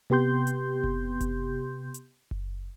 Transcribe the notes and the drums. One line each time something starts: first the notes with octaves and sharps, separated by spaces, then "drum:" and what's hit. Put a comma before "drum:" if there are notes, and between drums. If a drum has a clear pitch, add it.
C3 B3 G4 C6 G6
drum: hi-hat
drum: kick F#1
drum: kick F#1, hi-hat
drum: hi-hat
drum: kick F#1